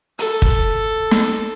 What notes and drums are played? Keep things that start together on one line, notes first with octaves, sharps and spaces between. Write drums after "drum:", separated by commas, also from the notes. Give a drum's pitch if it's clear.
A4, drum: hi-hat
drum: kick
drum: snare